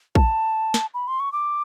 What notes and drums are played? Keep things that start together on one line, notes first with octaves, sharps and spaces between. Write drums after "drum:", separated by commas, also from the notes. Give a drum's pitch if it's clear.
A5, drum: kick A#1
drum: snare
B5
C6
C#6
D6